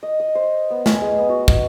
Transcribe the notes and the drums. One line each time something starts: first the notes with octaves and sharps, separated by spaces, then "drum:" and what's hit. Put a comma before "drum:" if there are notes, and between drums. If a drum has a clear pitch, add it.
D#5
D#5
C5
B3
G#5, drum: snare
G#3
B3
F#4
D#5, drum: kick